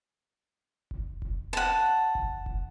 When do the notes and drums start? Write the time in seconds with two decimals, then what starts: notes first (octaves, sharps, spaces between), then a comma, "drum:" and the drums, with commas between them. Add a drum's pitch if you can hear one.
0.91 drum: kick F1
1.22 drum: kick F1
1.53 F#5 A5
2.15 drum: kick F1
2.46 drum: kick F1